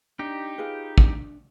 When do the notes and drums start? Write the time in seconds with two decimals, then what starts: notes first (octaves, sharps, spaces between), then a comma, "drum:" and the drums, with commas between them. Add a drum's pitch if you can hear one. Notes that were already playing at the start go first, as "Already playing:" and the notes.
0.19 D4 D#4 G4
0.58 F4 G#4 B4
0.98 D4, drum: kick